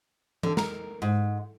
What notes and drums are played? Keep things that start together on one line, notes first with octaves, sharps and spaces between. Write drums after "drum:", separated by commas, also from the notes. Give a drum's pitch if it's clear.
D3, drum: tom E3
A#4, drum: snare
G#2